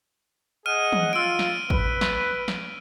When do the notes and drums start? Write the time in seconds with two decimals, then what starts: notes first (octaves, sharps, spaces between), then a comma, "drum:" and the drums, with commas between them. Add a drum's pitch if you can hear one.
0.66 G#4 D#5 F#5 F6 D#7
0.92 drum: tom
1.13 F4 E6 D7
1.39 drum: snare
1.70 B4, drum: kick
2.01 drum: snare
2.48 drum: snare